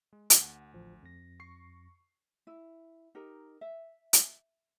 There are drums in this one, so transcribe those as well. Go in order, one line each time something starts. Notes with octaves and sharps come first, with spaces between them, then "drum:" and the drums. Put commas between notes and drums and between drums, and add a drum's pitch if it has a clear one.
G#3
D2 F#5, drum: hi-hat
A1 F3
F2 A#6
C#6 C7
E4
D#4 G4 A#4
E5
drum: hi-hat